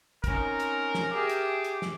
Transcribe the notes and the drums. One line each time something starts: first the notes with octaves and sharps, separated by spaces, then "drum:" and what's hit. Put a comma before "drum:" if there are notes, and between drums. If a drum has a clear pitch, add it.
C4 C#4 D#4 A#4, drum: kick, hi-hat
drum: hi-hat
drum: snare
G4 G#4 E5 A5 D6
drum: hi-hat
drum: hi-hat
drum: snare